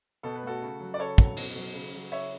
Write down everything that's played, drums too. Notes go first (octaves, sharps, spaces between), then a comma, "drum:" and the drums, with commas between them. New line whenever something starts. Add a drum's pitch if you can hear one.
B2 A4
B4
A3 F#4 A4
C#3
F#3
D5
C#3 A4 C#5
F#3, drum: kick
B2, drum: cymbal
F#3
C#3
F#3
C#3 C#5 E5